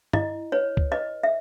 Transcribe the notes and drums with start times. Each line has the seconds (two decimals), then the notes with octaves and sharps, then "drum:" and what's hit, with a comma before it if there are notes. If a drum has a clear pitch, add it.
0.13 E4 D#5, drum: tom
0.52 B4 C#5
0.77 drum: kick C#2
0.92 B4 D#5
1.23 E5